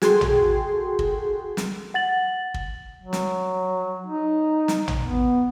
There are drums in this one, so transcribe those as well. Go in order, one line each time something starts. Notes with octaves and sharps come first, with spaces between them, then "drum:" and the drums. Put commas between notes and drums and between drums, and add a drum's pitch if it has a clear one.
F#4 G#4 A4 G5 C6, drum: snare
drum: tom A1
drum: kick
drum: snare
F#5 A6 F#7
drum: kick
F#3
drum: snare
D#4
drum: snare
drum: tom A1
B3